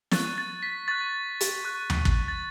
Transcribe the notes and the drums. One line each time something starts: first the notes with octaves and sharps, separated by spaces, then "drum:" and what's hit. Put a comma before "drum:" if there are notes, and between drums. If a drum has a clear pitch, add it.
C#6 F#6 A6, drum: snare
A6
B6
C#6 F#6 A6
drum: hi-hat
C#6 F#6
drum: tom D#2
drum: kick
A6